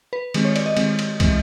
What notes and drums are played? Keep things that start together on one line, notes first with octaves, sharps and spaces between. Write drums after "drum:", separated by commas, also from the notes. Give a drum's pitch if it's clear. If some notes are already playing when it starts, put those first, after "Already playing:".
B4
D#3 G#3 C4, drum: cymbal
C#5
D5, drum: cymbal
D#5
D#3 G#3 C4, drum: cymbal
drum: cymbal
E3 G#3 C4, drum: kick, cymbal